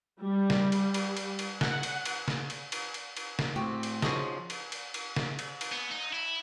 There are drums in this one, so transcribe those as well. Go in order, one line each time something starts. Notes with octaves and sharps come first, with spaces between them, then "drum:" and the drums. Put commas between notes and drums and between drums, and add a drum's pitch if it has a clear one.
G3
drum: snare
drum: cymbal
drum: cymbal
drum: cymbal
drum: cymbal
F#5, drum: snare
drum: cymbal
drum: cymbal
drum: snare
drum: cymbal
drum: cymbal
drum: cymbal
drum: cymbal
drum: snare
A2 C4 F#4 G4
drum: cymbal
F3 C#4 D#4 F#4 G#4 D#6, drum: snare
drum: cymbal
drum: cymbal
drum: cymbal
drum: snare
drum: cymbal
drum: cymbal
B3
D#4
E4